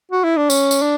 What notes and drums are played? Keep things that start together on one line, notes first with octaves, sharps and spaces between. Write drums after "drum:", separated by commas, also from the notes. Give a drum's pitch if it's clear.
F#4
E4
D4
C#4, drum: tambourine
drum: tambourine
D4